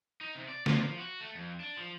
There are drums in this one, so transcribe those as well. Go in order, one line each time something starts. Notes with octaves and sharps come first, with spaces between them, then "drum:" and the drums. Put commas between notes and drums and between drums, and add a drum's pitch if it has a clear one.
D#4
C3
D5
F4, drum: snare
F3
F#4
A3
F2
D4
F3